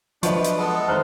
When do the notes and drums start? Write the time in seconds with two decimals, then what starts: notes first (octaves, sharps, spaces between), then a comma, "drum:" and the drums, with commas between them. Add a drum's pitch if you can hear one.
0.23 F3 F#3 D4 B4 D#5 E5 C#6, drum: hi-hat
0.44 drum: hi-hat
0.57 G#3 B3 A4
0.88 D#3 A3 C5 A#5 F6 F#6